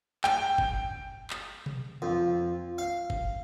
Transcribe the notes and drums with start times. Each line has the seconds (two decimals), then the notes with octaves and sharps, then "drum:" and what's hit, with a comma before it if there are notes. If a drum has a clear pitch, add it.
0.24 G5, drum: clap
0.58 drum: kick
1.30 drum: clap
1.66 drum: tom B2
2.02 F2
2.78 F5
3.10 drum: kick